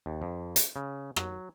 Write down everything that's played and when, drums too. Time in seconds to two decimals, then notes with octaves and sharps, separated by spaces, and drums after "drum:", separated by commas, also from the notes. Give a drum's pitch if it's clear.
0.06 D#2
0.22 F2
0.56 drum: hi-hat
0.76 C#3
1.16 F#3, drum: rim click